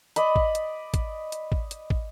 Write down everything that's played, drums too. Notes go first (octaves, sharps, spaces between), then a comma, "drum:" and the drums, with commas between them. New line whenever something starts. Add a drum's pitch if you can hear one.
D5 D#5 B5, drum: hi-hat
drum: kick
drum: hi-hat
drum: kick, hi-hat
drum: hi-hat
drum: kick
drum: hi-hat
drum: kick